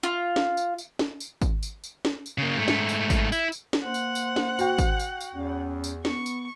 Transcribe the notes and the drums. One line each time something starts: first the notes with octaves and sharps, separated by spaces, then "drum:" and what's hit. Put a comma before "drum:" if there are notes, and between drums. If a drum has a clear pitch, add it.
F4
drum: snare
drum: tambourine
drum: tambourine
drum: snare
drum: tambourine
drum: kick G#1, tambourine
drum: tambourine
drum: tambourine
drum: snare
drum: tambourine
C#3 A#3
G#2 A3
drum: snare
drum: tambourine
drum: kick G#1, tambourine
E4, drum: tambourine
drum: tambourine
drum: snare
A#3 C5 F#5
drum: tambourine
drum: tambourine
drum: snare
F#4 G5, drum: tambourine
drum: kick G#1, tambourine
drum: tambourine
drum: tambourine
E2 C#4
drum: tambourine
B3 C#6, drum: snare
drum: tambourine